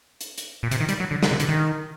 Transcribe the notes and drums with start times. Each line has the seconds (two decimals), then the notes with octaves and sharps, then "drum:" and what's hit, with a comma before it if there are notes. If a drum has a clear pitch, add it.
0.21 drum: hi-hat
0.38 drum: hi-hat
0.63 A#2
0.71 C3, drum: hi-hat
0.80 D#3
0.89 G3, drum: hi-hat
1.00 F#3
1.11 D3
1.23 D3, drum: snare
1.31 C3
1.40 D3, drum: hi-hat
1.49 D#3